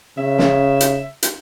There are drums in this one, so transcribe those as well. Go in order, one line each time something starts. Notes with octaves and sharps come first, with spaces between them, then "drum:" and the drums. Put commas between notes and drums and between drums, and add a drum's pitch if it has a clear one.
C#3 E5
drum: snare
drum: hi-hat
drum: hi-hat